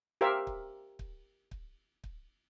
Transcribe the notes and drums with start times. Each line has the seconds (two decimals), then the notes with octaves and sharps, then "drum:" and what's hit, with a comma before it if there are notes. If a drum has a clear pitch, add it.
0.21 G4 A#4 C5 E5 F5
0.47 drum: kick
0.99 drum: kick
1.51 drum: kick
2.04 drum: kick